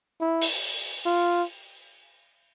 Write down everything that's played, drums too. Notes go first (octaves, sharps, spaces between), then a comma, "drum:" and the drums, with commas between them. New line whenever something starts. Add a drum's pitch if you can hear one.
E4
drum: open hi-hat
F4